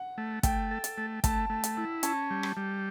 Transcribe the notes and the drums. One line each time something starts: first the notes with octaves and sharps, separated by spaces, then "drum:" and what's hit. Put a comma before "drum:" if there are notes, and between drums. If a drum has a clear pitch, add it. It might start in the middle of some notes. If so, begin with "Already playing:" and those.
Already playing: F#5
A3
A3 G5, drum: kick, hi-hat
A4
drum: hi-hat
A3
A3 A5, drum: kick, hi-hat
A3
drum: hi-hat
E4
C#4 A5, drum: hi-hat
G3
drum: rim click
G3